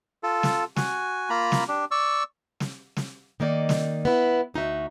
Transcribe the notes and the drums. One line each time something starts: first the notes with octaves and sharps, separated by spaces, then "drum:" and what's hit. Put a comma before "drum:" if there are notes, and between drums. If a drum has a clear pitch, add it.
F4 A4
drum: snare
F#4 G#5, drum: snare
A#3 F4 A#5 B5
drum: snare
D4 G4
D5 C#6 E6
drum: snare
drum: snare
D#3 A#3 D#4 D5
drum: snare
B3 E4
D2 D#4 F#4 E5